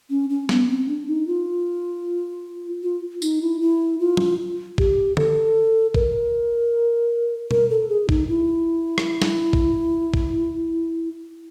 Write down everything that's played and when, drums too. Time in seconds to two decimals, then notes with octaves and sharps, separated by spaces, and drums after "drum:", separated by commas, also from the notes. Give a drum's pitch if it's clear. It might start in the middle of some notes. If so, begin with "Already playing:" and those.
0.10 C#4
0.30 C#4
0.49 B3, drum: snare
0.68 C4
0.88 D4
1.07 D#4
1.27 F4
2.83 F4
3.22 D#4, drum: tambourine
3.42 E4
3.61 E4
4.00 F4
4.17 drum: tom
4.78 G4, drum: kick A1
5.17 A4, drum: tom
5.95 A#4, drum: kick A1
7.51 A#4, drum: tom B2
7.70 A4
7.89 G#4
8.09 D#4, drum: kick A1
8.28 E4
8.98 drum: rim click
9.22 drum: snare
9.53 drum: kick A1
10.14 drum: kick A1